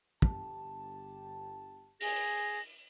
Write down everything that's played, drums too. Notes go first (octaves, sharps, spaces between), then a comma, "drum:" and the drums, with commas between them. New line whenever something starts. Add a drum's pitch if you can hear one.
G1 G4 A5, drum: kick
G#4 A#6, drum: open hi-hat